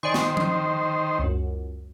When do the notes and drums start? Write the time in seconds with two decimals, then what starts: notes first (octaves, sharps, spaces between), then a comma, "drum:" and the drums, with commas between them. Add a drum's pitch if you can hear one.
0.03 D#3 C5 D5 G#5 C#6
0.14 drum: snare
0.37 drum: tom F3
1.19 C#2 F#2